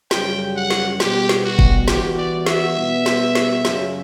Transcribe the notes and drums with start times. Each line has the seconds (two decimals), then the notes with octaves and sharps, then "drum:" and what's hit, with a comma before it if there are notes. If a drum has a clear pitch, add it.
0.11 F#2 C#3 G3 G5, drum: snare
0.56 F#5
0.70 drum: snare
1.00 B2 G3 B3 G4, drum: snare
1.29 drum: snare
1.44 F#4
1.59 drum: kick F#1
1.88 E3 G3 B3 F#4 G4, drum: snare
2.18 D5
2.46 E5, drum: snare
2.77 B2 G3 B3
3.06 drum: snare
3.35 drum: snare
3.65 F#2 C#3 F#3, drum: snare